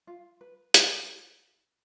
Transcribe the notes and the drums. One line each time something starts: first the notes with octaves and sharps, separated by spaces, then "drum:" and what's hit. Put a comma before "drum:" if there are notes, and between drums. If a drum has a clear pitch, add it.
F4
B4
F4, drum: hi-hat